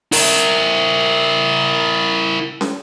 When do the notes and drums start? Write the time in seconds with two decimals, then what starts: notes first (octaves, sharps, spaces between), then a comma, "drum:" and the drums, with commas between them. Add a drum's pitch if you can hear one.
0.12 E4 A#4, drum: open hi-hat
2.61 drum: snare